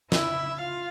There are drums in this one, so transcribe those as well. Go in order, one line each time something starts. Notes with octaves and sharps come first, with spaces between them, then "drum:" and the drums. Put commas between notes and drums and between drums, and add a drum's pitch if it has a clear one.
E4 E5, drum: snare
F4 F5